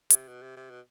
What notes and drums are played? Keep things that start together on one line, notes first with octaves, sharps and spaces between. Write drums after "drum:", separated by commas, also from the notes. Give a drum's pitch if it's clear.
C3, drum: hi-hat
B2
C3
C3
B2